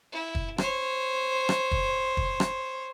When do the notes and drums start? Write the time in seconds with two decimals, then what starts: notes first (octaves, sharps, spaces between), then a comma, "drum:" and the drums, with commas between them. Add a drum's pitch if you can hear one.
0.12 E4
0.35 drum: kick
0.58 C5 C#5, drum: rim click
1.49 drum: rim click
1.72 drum: kick
2.17 drum: kick
2.40 drum: rim click